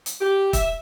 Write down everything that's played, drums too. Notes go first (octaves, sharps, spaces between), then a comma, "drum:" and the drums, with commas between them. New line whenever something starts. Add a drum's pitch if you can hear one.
drum: hi-hat
G4
E5, drum: kick, hi-hat